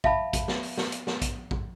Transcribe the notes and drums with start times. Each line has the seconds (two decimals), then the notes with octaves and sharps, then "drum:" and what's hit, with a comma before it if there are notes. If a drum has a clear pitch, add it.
0.04 E5 F5 A5 B5, drum: kick A#1
0.33 drum: kick A#1, hi-hat
0.48 drum: snare
0.63 drum: open hi-hat
0.77 drum: snare
0.92 drum: hi-hat
1.07 drum: snare
1.22 drum: kick A#1, hi-hat
1.51 drum: kick A#1